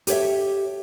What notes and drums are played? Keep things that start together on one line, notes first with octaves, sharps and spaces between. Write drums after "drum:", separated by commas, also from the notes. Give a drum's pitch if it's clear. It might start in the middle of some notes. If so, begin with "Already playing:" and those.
G4 A4 C#5 E5, drum: hi-hat